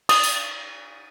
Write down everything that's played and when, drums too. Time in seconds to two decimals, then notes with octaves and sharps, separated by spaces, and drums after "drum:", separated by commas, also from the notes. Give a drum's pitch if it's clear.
0.09 D#6, drum: cymbal
0.24 drum: tambourine